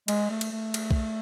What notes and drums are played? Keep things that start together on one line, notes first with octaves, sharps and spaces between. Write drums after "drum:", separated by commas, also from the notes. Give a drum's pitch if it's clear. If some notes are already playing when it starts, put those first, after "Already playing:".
G#3, drum: cymbal
A3
drum: cymbal
A3
drum: cymbal
drum: kick